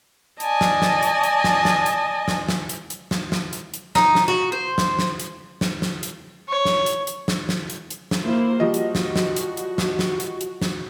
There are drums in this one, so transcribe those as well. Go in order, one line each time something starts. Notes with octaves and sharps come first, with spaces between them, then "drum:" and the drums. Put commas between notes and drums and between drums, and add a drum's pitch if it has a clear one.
D5 D#5 G#5 A5, drum: hi-hat
drum: snare
drum: snare
drum: hi-hat
drum: hi-hat
drum: snare
drum: snare
drum: hi-hat
drum: snare
drum: snare
drum: hi-hat
drum: hi-hat
drum: snare
drum: snare
drum: hi-hat
drum: hi-hat
D#4, drum: snare
drum: snare
F#4
C5
drum: snare
drum: snare
drum: hi-hat
drum: snare
drum: snare
drum: hi-hat
C#5
drum: snare
drum: hi-hat
drum: hi-hat
drum: snare
drum: snare
drum: hi-hat
drum: hi-hat
drum: snare
A#3 E4 C5
F3 G3 F#4 D#5
drum: hi-hat
drum: snare
drum: snare
drum: hi-hat
drum: hi-hat
drum: snare
drum: snare
drum: hi-hat
drum: hi-hat
drum: snare